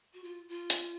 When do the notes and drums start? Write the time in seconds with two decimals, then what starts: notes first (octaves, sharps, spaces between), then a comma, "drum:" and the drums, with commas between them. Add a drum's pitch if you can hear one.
0.14 F#4
0.24 F4
0.48 F4
0.70 drum: hi-hat